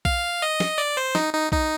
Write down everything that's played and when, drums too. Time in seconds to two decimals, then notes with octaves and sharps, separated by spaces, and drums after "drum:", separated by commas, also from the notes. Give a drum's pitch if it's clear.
0.05 F5, drum: kick B1
0.42 D#5
0.60 drum: snare
0.78 D5
0.97 C5
1.15 D#4, drum: snare
1.33 D#4
1.52 D#4, drum: kick B1